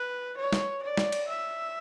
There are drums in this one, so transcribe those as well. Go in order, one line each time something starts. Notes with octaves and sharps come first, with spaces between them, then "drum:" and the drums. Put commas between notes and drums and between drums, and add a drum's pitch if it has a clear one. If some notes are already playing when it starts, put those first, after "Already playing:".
Already playing: B4
C#5
drum: snare
D5
drum: snare
drum: cymbal
E5